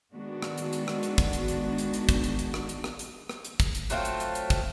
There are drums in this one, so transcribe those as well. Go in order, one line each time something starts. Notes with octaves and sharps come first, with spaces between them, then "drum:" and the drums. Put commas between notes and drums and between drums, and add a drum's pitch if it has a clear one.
D#3 G#3 B3 D4 F#4
drum: rim click
drum: hi-hat
drum: hi-hat
drum: rim click
drum: hi-hat
drum: kick, hi-hat
drum: hi-hat
drum: hi-hat
drum: hi-hat
drum: hi-hat
drum: kick, hi-hat
drum: hi-hat
drum: hi-hat
drum: rim click
drum: hi-hat
drum: rim click
drum: hi-hat
drum: rim click
drum: hi-hat
drum: kick, hi-hat
drum: hi-hat
F#3 A3 C4 F4, drum: hi-hat
drum: hi-hat
drum: hi-hat
drum: hi-hat
drum: kick, hi-hat